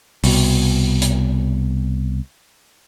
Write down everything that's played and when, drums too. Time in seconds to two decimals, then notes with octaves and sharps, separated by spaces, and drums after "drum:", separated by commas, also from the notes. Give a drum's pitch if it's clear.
0.24 C2 B2, drum: open hi-hat
1.02 drum: hi-hat